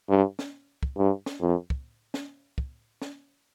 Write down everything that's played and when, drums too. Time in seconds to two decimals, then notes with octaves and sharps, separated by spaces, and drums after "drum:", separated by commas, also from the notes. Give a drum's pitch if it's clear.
0.09 G2
0.39 drum: snare
0.83 drum: kick
0.97 G2
1.26 drum: snare
1.41 F2
1.70 drum: kick
2.14 drum: snare
2.58 drum: kick
3.02 drum: snare